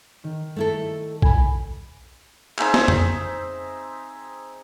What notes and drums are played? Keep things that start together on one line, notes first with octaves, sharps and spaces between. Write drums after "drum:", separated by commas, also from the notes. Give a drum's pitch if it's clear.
D#3
A3 E4 A4
G#5 B5, drum: kick A#1
C4 D#4 G#4 E5, drum: clap
drum: snare
drum: tom F2